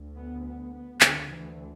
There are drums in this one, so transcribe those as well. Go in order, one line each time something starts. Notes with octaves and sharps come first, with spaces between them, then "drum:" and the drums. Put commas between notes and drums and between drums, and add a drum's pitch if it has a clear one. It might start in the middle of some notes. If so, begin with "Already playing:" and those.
Already playing: D2
B3
B3
B3
D2 D3, drum: clap
E3